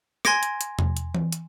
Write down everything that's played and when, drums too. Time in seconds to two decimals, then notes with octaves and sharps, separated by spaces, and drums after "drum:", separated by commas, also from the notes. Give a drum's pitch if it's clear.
0.25 G#5 C6 G#6 A#6 D7, drum: rim click
0.43 drum: hi-hat
0.61 drum: hi-hat
0.79 drum: tom E2
0.97 drum: hi-hat
1.15 drum: tom E3
1.32 drum: hi-hat